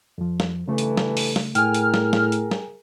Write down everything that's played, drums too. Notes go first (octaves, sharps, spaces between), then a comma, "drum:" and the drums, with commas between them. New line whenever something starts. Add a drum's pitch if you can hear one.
F2 F3
drum: snare
G2 C#3 E3 A3 A4
drum: hi-hat
drum: snare
drum: open hi-hat
drum: snare
A2 G#4 A#4 G5 G#5 F6, drum: hi-hat
drum: hi-hat
drum: snare
drum: snare
drum: hi-hat
drum: snare